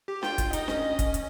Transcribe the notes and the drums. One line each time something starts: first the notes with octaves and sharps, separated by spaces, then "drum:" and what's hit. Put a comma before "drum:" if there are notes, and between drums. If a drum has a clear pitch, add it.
G4
F4 G5, drum: snare D4
drum: kick, hi-hat
D#4 D#5, drum: hi-hat
C#4, drum: snare D4
drum: kick, hi-hat
drum: hi-hat